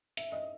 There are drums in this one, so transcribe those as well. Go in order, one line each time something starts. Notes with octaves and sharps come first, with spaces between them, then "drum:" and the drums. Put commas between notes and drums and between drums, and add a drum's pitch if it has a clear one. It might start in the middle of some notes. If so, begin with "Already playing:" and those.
E5, drum: hi-hat
D#5